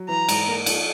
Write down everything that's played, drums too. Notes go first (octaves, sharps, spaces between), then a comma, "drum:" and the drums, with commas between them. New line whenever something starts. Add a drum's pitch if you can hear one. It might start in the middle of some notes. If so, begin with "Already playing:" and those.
Already playing: F#3
E3 A#5
G#2, drum: cymbal
A#3
F3, drum: cymbal